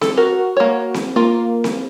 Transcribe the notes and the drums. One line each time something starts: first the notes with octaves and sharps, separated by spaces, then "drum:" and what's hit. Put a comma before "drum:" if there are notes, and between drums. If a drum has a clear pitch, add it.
A4, drum: snare C4
F#4 A#4
A#3 C#5
drum: snare C4
A#3 F4
drum: snare C4